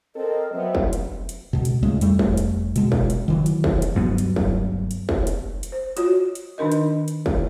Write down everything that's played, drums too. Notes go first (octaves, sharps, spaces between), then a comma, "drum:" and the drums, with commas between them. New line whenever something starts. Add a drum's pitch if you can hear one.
C4 A4 A#4 D#5
F#3 B3 C4 E5
drum: kick
drum: hi-hat
drum: hi-hat
C#2 B2
drum: hi-hat
D1 C#2 A2 G#3
F2 G3 A3, drum: hi-hat
drum: kick
drum: hi-hat
B2 G#3, drum: hi-hat
drum: kick
drum: hi-hat
D#3 E3 F#3
drum: hi-hat
drum: kick
drum: hi-hat
D2 G2 F#3 B3
drum: hi-hat
drum: kick
drum: hi-hat
drum: kick
drum: hi-hat
drum: hi-hat
C5
F4 F#4 C#5, drum: hi-hat
drum: hi-hat
D#3 D4 D#4 A#4 D#5
drum: hi-hat
drum: hi-hat
drum: kick